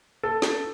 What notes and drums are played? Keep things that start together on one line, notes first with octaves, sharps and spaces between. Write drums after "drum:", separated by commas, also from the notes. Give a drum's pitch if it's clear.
A4
drum: snare